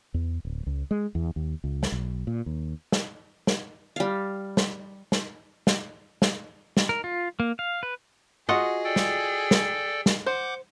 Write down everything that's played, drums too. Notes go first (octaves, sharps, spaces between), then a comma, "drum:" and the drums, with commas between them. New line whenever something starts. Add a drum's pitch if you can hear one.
E2
D1
C#2
G#3
E2
D#2
C#2
drum: snare
B1
A#2
D#2
drum: snare
drum: snare
G3 F5
drum: snare
drum: snare
drum: snare
drum: snare
drum: snare
A#4
F4
A#3
F5
B4
F4 F#4 G#4 D#5 F#5
A4 D5 G5
drum: snare
drum: snare
drum: snare
C5 F#5 D6 G6